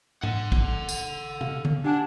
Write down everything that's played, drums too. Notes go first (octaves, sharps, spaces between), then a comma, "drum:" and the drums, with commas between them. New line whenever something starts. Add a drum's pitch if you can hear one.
A4 F#5, drum: tom G#2
drum: kick
drum: tambourine
F5, drum: tom C3
drum: tom D3
D4 G4 F#5 G#5